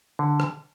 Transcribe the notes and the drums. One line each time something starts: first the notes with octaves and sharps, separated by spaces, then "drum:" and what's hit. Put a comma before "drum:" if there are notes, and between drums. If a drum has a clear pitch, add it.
D3
drum: rim click